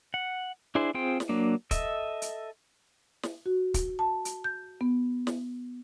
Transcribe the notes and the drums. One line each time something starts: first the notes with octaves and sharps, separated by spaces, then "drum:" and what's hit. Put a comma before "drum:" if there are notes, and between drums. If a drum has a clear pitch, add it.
F#5
D4 E4 G#4 C5
C4 F4 G#4 C5 G5
drum: snare
F#3 A#3 D4
A4 D#5 E5, drum: kick, hi-hat
drum: hi-hat
drum: snare
F#4
drum: kick, hi-hat
A5
drum: hi-hat
G6
B3
drum: snare